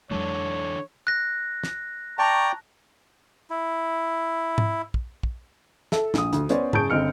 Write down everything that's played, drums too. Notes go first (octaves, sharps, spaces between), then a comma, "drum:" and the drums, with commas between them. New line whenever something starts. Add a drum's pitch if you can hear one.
F2 E3 F#3 G#3 D4 A4 C#5
F#6 A#6
drum: snare
D5 G5 A5 A#5 C#6
E4
drum: tom G#2
drum: kick
drum: kick
A4 E5, drum: snare
A#1 D#6, drum: snare
D2, drum: hi-hat
B3 C#4 C5 D5, drum: hi-hat
F#1 G#4 A5 C#6 G6 D7, drum: tom G#2
G1 C4 D#5 F6 C#7